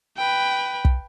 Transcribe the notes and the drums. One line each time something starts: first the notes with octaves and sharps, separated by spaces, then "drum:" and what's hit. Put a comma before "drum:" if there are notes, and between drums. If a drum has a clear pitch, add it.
B4 G5
drum: kick